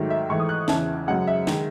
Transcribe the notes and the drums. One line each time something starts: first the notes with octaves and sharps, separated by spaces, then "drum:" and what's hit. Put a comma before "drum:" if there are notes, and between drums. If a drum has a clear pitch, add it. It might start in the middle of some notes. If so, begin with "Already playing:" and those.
Already playing: G#2 D#3 F#3 A3
E5
G#2 E3 A3 C#6
D#6
F#6
E2 C#3 E3 A5, drum: snare
F#2 C#3 G#3 F#5
E5
D#3 G#3, drum: snare